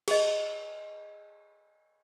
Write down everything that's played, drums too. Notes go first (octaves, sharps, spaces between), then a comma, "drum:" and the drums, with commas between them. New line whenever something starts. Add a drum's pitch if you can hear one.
G#4 D#5, drum: cymbal